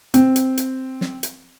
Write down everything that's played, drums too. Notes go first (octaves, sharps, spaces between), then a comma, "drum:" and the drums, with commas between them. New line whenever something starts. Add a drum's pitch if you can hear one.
C4, drum: hi-hat
drum: hi-hat
drum: hi-hat
drum: snare
drum: hi-hat